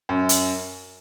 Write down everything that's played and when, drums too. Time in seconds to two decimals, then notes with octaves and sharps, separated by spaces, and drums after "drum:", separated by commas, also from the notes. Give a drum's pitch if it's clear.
0.09 F#2
0.29 drum: hi-hat